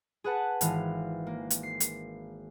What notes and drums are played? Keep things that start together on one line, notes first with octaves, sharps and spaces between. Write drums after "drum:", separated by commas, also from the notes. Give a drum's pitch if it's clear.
G#4 B4 F#5 A5
G#1 E3 F5, drum: hi-hat
A#3
drum: hi-hat
C7
drum: hi-hat